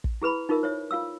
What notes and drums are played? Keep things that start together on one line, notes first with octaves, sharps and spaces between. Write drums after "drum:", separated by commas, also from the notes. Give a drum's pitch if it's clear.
drum: kick
E4 G#4 B4 B5
D#4 F4 G#4 A#4 E5
C5 C#5 E5
F4 F5 E6